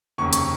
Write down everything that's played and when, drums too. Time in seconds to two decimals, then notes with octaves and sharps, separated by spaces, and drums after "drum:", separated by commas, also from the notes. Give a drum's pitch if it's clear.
0.18 F1 D#2 C#3 C#6
0.33 C#6, drum: hi-hat